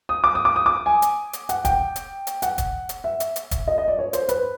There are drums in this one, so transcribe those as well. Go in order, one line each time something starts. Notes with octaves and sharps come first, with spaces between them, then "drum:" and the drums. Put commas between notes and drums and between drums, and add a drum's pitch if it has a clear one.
D#6
D6
D#6
D6
D#6
D6
G#5
drum: hi-hat
drum: hi-hat
F#5, drum: hi-hat
G5, drum: kick, hi-hat
drum: hi-hat
drum: hi-hat
F#5, drum: hi-hat
drum: kick, hi-hat
drum: hi-hat
E5
drum: hi-hat
drum: hi-hat
drum: kick, hi-hat
D#5
D#5
D5
C#5
C5, drum: hi-hat
B4, drum: hi-hat